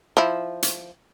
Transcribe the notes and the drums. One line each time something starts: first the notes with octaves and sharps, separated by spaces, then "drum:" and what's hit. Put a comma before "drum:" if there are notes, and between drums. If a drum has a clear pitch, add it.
F3 E4
drum: hi-hat